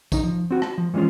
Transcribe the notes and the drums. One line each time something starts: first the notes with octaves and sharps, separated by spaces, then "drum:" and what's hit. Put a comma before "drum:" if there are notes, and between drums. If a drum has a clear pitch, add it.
C#3 D#4, drum: kick, tambourine
F3
C4 F#4
A5, drum: rim click
F3
E3 F3 G#3 C#4 F4